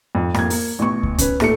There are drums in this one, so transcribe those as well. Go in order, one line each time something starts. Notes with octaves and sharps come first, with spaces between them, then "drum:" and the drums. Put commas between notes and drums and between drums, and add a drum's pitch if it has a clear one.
F2
F2 A#3 G#6, drum: rim click
A#3, drum: open hi-hat
A1 B2 C#6
drum: kick
C#4 B4, drum: kick, hi-hat
A#2 A3 C#7, drum: rim click